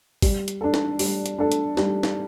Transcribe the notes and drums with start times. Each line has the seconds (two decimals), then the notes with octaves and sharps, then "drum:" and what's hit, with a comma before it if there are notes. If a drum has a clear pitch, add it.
0.22 G3, drum: kick G#1, open hi-hat
0.48 drum: hi-hat
0.61 D4 A4
0.74 drum: snare
0.99 G3, drum: open hi-hat
1.26 drum: hi-hat
1.39 D4 A4
1.52 drum: hi-hat
1.77 G3, drum: snare
2.03 drum: snare